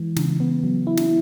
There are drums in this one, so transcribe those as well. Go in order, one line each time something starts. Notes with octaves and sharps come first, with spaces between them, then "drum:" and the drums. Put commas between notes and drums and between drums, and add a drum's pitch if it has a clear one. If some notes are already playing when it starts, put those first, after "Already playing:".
Already playing: E3 G#3
C#3, drum: snare
B3
F#3
E4
drum: snare